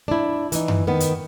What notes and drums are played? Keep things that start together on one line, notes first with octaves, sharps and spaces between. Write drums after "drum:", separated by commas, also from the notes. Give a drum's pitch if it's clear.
D4 E4
E3 D#4, drum: hi-hat
drum: tom F#2
D#3 B3
drum: hi-hat